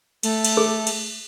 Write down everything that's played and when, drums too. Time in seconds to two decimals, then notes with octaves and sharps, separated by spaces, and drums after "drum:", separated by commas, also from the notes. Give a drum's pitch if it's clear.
0.23 A3, drum: cymbal
0.45 drum: cymbal
0.57 G#4
0.87 drum: cymbal